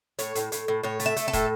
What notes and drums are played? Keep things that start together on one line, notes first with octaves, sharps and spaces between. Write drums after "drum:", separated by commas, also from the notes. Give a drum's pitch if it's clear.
A2 C#5, drum: hi-hat
A2, drum: hi-hat
A2, drum: hi-hat
A2
A2 C#5
A3, drum: hi-hat
E5
A3, drum: hi-hat
A4
A2, drum: kick, hi-hat